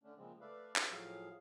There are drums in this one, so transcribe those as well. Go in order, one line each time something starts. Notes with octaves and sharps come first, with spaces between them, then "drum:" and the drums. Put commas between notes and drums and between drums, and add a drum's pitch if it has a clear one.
D3 A3 C#4 D4
A#2 C#3 F3 G#3 C4
A3 B4 D5 E5 F5
F#4 G#4 B4 C#5 E5 F5, drum: clap
A2 F3 F#3 G#4 F5